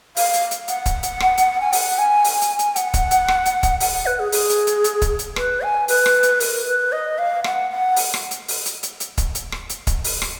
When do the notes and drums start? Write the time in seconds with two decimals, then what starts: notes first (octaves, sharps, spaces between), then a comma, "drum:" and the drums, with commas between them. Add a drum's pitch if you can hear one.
0.17 F5, drum: open hi-hat
0.34 drum: hi-hat
0.51 drum: hi-hat
0.68 F#5, drum: hi-hat
0.86 drum: kick, hi-hat
1.03 drum: hi-hat
1.20 drum: rim click
1.38 drum: hi-hat
1.61 G#5
1.73 F#5, drum: open hi-hat
1.98 G#5
2.24 drum: open hi-hat
2.42 drum: hi-hat
2.59 drum: hi-hat
2.76 F#5, drum: hi-hat
2.94 drum: kick, hi-hat
3.11 drum: hi-hat
3.28 drum: rim click
3.46 drum: hi-hat
3.63 drum: kick, hi-hat
3.80 F#5, drum: open hi-hat
3.93 F#5
4.06 B4
4.19 G#4
4.32 G#4, drum: open hi-hat
4.50 drum: hi-hat
4.67 drum: hi-hat
4.84 drum: hi-hat
5.02 drum: kick, hi-hat
5.19 drum: hi-hat
5.36 B4, drum: rim click
5.62 G#5
5.88 B4, drum: open hi-hat
6.06 drum: rim click
6.23 drum: hi-hat
6.40 A#4, drum: open hi-hat
6.66 B4
6.92 D#5
7.18 F5
7.44 F#5, drum: rim click
7.71 F#5
7.96 drum: open hi-hat
8.14 drum: rim click
8.31 drum: hi-hat
8.48 drum: open hi-hat
8.66 drum: hi-hat
8.83 drum: hi-hat
9.00 drum: hi-hat
9.18 drum: kick, hi-hat
9.35 drum: hi-hat
9.52 drum: rim click
9.70 drum: hi-hat
9.87 drum: kick, hi-hat
10.04 drum: open hi-hat
10.22 drum: rim click